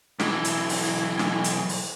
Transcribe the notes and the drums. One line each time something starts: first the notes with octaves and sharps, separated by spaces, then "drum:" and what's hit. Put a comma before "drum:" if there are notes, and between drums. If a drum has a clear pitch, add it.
B1 E3, drum: snare
drum: hi-hat
drum: open hi-hat
drum: snare
drum: hi-hat
drum: open hi-hat